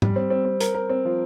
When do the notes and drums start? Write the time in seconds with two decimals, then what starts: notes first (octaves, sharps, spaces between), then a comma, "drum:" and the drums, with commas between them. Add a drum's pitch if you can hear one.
0.02 G3, drum: tom G#2
0.16 C4
0.30 C4
0.45 C4
0.60 A#4, drum: hi-hat
0.75 A#4
0.90 C4
1.05 F3